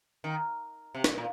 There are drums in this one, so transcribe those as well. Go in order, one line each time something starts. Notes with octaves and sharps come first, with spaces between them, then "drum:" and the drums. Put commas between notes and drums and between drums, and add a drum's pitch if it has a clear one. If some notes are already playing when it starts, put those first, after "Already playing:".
D#3
C3
drum: snare
A#2